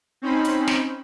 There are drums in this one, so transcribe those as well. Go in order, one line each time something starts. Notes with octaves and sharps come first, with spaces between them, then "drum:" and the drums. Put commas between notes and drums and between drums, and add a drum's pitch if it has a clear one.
C4 C#4 D#4 C5 B5
drum: hi-hat
drum: snare